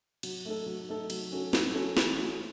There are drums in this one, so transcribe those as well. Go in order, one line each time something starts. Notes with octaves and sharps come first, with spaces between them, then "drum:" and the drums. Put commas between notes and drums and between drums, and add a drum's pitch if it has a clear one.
F#3, drum: cymbal
A3 D#4 A4
F#3
A3 D#4 A4
F#3, drum: cymbal
C#4 F#4 A4
F#3, drum: snare
C#4 F#4 A4
E3, drum: snare
A3 C#4 F#4